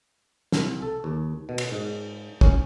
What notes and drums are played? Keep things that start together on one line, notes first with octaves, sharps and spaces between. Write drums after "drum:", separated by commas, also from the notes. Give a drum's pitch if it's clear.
C2, drum: snare
A4
D#2
B2
drum: cymbal
G#2
C#4, drum: kick